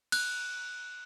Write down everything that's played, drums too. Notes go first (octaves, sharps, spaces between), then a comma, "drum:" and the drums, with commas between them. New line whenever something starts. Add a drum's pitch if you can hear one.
F#6, drum: cymbal